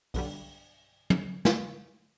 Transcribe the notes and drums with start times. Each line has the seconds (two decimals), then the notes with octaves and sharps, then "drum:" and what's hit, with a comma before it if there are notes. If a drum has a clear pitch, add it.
0.14 B1 G2 D3 F#3 G3, drum: open hi-hat
1.10 drum: tom
1.45 drum: snare